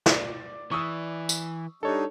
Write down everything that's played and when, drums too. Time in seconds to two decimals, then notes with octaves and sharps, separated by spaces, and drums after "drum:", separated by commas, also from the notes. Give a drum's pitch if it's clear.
0.06 D5, drum: snare
0.71 E3 C#6 D#6 E6
1.29 drum: tambourine
1.83 G3 D4 D#4 A4 C#5